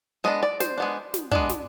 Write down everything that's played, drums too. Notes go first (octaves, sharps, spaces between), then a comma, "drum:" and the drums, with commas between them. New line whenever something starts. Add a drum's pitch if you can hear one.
G#3 B3 D4 D#5
D5
C5, drum: snare
G#3 B3 D4
drum: snare
G#3 B3 D4, drum: kick
drum: snare